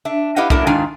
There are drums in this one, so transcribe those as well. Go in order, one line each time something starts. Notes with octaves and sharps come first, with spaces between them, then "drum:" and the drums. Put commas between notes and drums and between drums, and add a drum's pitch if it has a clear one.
D4 E5
E4 G4 B4 D#5 F5 F#5
F#3 A3 A#3 D4 E4 A#4, drum: kick B1
G#2 D#3 G#3 D4 F4 G#5